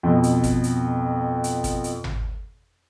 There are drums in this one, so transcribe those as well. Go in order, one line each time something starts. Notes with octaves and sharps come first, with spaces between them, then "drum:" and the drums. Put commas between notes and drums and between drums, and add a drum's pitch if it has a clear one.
F2 B2
drum: hi-hat
drum: kick, hi-hat
drum: hi-hat
drum: hi-hat
drum: kick, hi-hat
drum: hi-hat
drum: tom G#1